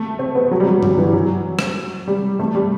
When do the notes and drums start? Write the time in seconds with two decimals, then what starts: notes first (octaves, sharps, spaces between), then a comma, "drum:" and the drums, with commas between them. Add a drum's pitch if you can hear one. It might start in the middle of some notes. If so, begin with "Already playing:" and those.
Already playing: A3
0.19 C4
0.35 B3
0.51 F#3
0.60 G3
0.67 F#3
0.83 F#3, drum: tom G2
0.98 E3
1.13 F#3
1.59 drum: rim click
2.07 G3
2.39 A3
2.55 G3